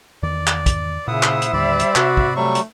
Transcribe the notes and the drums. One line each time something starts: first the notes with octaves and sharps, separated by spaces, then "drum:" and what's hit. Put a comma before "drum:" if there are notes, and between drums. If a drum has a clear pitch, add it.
E2 D#3 D5
drum: clap
drum: kick, hi-hat
A#2 C#3 E4 C5 E5 F#5 D#6
drum: clap
drum: hi-hat
D#2 A2 D3 G3 D5 B5
drum: hi-hat
C3 F#4, drum: clap
drum: kick
F#3 G3 A3 C#6
drum: hi-hat